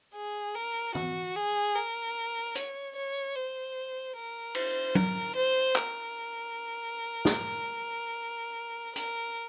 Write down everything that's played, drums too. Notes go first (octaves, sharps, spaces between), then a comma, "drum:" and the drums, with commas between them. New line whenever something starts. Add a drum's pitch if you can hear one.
G#4
A#4
F#4, drum: tom
G#4
A#4
C#5, drum: hi-hat
C#5
C5
A#4
C5, drum: cymbal
A#4, drum: tom F#3
C5
A#4, drum: clap
drum: snare
A#4, drum: hi-hat